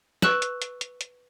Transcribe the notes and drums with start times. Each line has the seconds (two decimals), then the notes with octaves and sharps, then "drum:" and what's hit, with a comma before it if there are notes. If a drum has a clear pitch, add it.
0.22 B4 C#6 E6 F#6 E7 F#7, drum: snare
0.42 drum: hi-hat
0.62 drum: hi-hat
0.81 drum: hi-hat
1.01 drum: hi-hat